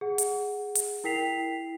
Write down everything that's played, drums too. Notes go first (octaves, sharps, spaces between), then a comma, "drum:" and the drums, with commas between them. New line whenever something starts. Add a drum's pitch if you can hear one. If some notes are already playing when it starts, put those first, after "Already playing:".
G#4 F#5
drum: hi-hat
drum: hi-hat
E4 A#4 G5 B6 C7 F7